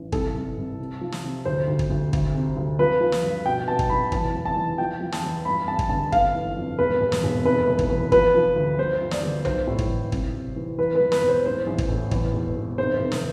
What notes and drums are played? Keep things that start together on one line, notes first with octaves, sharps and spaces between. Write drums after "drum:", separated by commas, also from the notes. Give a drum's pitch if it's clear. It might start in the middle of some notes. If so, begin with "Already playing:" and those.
Already playing: A1
C2 A4, drum: kick
C2
C2
C3
F3
drum: snare
C3
D2 C5
D2
drum: kick
D2
D2, drum: kick
C3
D2
F3 B4
F3
drum: snare
G2
B2 G5
B2 A5
drum: kick
C2 B5
E2 A5, drum: kick
E2
A5
E2
F3 G5
F3
A5, drum: snare
E2
G2 B5
G2 A5
drum: kick
D3 A5
G1 F5, drum: kick
E3
F2
E1 B4
E1
drum: snare
E1
F1 B4
E2
drum: kick
E2
F3 B4, drum: kick
F3
D2
G1 C5
F3
D5, drum: snare
G1
B1 C5, drum: tom B1
A2
drum: kick
E3
C2, drum: kick
C3
E3
E2 B4
B4
E2
B4, drum: snare
E1
C5
A1 C5
A1
drum: kick
A2
E2, drum: kick
E1
E1
F1 C5
F1
drum: snare